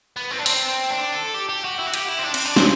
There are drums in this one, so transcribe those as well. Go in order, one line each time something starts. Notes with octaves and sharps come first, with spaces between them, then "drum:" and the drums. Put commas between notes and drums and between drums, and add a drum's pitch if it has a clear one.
B3
C4
D4
C4, drum: open hi-hat
D4
A4
G4
G4
F#4
E4
F#4
G4, drum: hi-hat
E4
C4
D4
C4, drum: cymbal
D4
C4, drum: snare